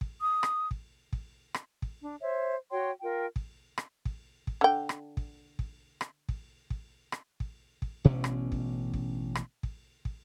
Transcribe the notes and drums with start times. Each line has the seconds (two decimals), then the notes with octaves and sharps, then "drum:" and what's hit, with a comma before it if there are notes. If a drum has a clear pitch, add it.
0.01 drum: kick
0.21 D#6
0.43 drum: rim click
0.71 drum: kick
1.13 drum: kick
1.54 drum: rim click
1.82 drum: kick
2.01 D4
2.21 C5 C#5 E5
2.71 F#4 C#5 G5 C6
3.01 F4 A#4 G5
3.36 drum: kick
3.78 drum: rim click
4.05 drum: kick
4.47 drum: kick
4.61 D3 G5
4.89 drum: rim click
5.17 drum: kick
5.59 drum: kick
6.01 drum: rim click
6.29 drum: kick
6.70 drum: kick
7.12 drum: rim click
7.40 drum: kick
7.82 drum: kick
8.04 A1 B2 D3 C#4
8.24 drum: rim click
8.52 drum: kick
8.94 drum: kick
9.35 drum: rim click
9.63 drum: kick
10.05 drum: kick